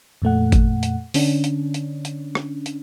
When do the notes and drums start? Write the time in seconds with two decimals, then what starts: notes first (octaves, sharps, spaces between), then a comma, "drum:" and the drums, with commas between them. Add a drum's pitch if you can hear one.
0.22 F2 A#2 A3 F#5
0.52 drum: kick G#1, hi-hat
0.83 drum: hi-hat
1.14 D3 C#4 D4, drum: open hi-hat
1.44 drum: hi-hat
1.74 drum: hi-hat
2.05 drum: hi-hat
2.35 drum: rim click
2.66 drum: hi-hat